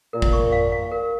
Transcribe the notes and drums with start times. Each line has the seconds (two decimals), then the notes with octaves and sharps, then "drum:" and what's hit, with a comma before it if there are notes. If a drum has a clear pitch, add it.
0.13 A#2 A#4
0.22 drum: kick
0.33 C#6
0.52 F5
0.72 F5
0.91 A#4